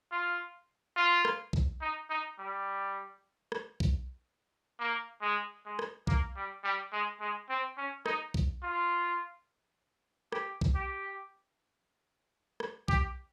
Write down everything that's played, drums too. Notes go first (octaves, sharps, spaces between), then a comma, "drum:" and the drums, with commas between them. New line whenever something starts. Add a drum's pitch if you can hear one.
F4
F4
drum: rim click
drum: kick B1
D#4
D#4
G3
drum: rim click
drum: kick B1
A#3
G#3
G#3
drum: rim click
A#3, drum: kick B1
G3
G3
G#3
G#3
C4
C#4
D#4, drum: rim click
drum: kick B1
F4
G4, drum: rim click
drum: kick B1
G4
drum: rim click
G4, drum: kick B1